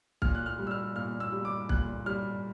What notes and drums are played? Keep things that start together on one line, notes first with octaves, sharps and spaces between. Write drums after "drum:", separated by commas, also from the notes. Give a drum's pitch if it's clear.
A#2 F6, drum: kick
F#6
F6
G3
E6
F6
A#2 F6
E6
G3
D6
A#2 F#6, drum: kick
G3 F6